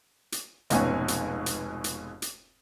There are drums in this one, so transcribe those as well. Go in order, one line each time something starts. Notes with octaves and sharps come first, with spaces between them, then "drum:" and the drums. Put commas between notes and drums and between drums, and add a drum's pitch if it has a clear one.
drum: hi-hat
F1 C#2 G#2 B2 C#4 G#5, drum: hi-hat
drum: hi-hat
drum: hi-hat
drum: hi-hat
drum: hi-hat